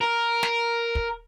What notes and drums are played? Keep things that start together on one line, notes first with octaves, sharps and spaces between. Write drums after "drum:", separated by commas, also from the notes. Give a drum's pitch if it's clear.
A#4
drum: snare
drum: kick